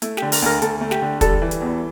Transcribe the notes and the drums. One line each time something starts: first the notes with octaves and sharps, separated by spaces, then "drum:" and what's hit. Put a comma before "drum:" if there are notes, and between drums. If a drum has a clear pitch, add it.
A3 E4, drum: hi-hat
G4, drum: snare
D3
A#4, drum: open hi-hat
D2 A#4
D2 A4, drum: hi-hat
A3
G4, drum: snare
D3
G3 A4, drum: kick, hi-hat
E3
drum: hi-hat
E2